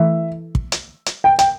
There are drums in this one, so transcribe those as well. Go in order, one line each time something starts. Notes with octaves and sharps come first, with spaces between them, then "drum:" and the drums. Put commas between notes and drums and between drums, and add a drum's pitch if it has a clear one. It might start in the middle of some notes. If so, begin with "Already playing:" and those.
Already playing: E3 A3 E4 E5
drum: kick
drum: hi-hat
drum: hi-hat
G5
G5, drum: hi-hat